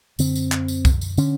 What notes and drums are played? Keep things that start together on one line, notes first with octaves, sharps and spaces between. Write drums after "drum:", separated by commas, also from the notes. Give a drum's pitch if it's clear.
F#2 D3 C4, drum: tambourine
drum: tambourine
drum: clap
drum: tambourine
drum: kick, tambourine
drum: tambourine
D3 C#4, drum: tambourine